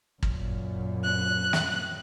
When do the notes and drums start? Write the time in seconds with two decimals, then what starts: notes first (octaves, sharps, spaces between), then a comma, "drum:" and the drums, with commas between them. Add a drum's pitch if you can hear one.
0.23 F#2 A#2, drum: kick
1.04 F#6
1.53 drum: snare